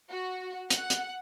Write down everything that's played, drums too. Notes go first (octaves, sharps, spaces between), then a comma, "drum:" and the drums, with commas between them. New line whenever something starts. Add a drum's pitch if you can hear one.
F#4
F#5, drum: hi-hat
drum: hi-hat